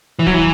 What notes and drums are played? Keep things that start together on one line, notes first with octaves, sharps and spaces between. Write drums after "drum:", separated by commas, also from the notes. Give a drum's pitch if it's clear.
E3
F#3, drum: kick
E3